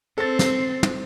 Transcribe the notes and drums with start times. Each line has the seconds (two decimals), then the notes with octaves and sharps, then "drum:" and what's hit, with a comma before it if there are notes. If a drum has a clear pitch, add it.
0.18 C4 A4 A6
0.39 drum: snare
0.83 drum: tom